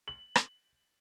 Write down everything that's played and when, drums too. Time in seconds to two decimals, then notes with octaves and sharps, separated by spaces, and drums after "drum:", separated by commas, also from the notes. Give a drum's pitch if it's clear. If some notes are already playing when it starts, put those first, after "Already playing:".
0.08 F#7
0.35 drum: rim click